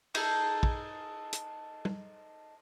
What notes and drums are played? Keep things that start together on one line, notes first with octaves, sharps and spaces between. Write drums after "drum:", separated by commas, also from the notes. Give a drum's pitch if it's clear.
D#4 G#4 A4, drum: cymbal
drum: kick
drum: hi-hat
drum: tom